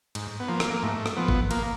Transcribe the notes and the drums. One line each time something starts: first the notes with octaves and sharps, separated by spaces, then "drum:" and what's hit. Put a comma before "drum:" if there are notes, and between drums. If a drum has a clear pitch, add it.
G#2, drum: cymbal
B3
F3 A#3
drum: rim click
A#3
G#2 A3
drum: rim click
F3 B3
drum: kick G1
A#3, drum: cymbal